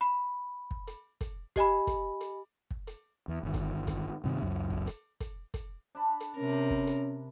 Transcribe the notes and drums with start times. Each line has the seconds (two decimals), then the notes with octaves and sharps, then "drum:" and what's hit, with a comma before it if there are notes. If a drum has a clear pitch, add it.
0.01 B5
0.71 drum: kick
0.87 drum: hi-hat
1.21 drum: kick, hi-hat
1.56 G4 D#5 G#5 B5, drum: kick, hi-hat
1.87 drum: kick, hi-hat
2.21 drum: hi-hat
2.71 drum: kick
2.87 drum: hi-hat
3.28 E2
3.43 G1 D#3
3.54 drum: kick, hi-hat
3.87 drum: kick, hi-hat
4.24 G2 C3 D#3
4.42 C#2 F#2
4.70 drum: kick
4.87 drum: hi-hat
5.20 drum: kick, hi-hat
5.54 drum: kick, hi-hat
5.95 D4 A5 B5
6.20 drum: hi-hat
6.37 C3 C#4 A#4
6.70 drum: kick
6.87 drum: hi-hat